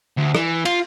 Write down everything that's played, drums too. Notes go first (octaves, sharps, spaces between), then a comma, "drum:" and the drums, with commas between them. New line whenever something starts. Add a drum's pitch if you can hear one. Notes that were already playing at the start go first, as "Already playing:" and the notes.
D2
E3, drum: rim click
F4, drum: cymbal